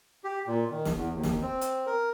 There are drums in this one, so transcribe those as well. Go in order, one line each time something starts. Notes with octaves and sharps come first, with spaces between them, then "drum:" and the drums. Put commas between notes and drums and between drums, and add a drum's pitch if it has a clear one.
G4
A#2
D#3
drum: snare
E2
D#2
drum: snare
C4
drum: hi-hat
A#4